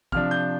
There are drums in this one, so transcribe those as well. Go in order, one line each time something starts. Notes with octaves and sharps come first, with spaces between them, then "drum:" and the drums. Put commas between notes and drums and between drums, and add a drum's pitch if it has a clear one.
C3 F3 D4 F6, drum: kick
G6